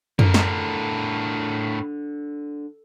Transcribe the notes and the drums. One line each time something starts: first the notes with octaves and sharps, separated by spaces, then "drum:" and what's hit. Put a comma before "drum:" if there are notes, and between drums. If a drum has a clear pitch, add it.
A2 D3 A#4, drum: tom F#2
drum: snare